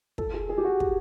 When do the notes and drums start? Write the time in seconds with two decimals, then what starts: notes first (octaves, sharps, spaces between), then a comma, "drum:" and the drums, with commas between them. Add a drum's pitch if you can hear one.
0.18 A4, drum: kick
0.34 G#4
0.49 G#4
0.58 G4
0.64 F#4
0.80 drum: kick